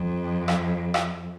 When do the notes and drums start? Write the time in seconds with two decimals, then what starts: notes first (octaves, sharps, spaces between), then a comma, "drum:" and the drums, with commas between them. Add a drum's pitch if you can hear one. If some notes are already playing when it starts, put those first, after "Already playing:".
Already playing: F2
0.48 drum: rim click
0.94 drum: rim click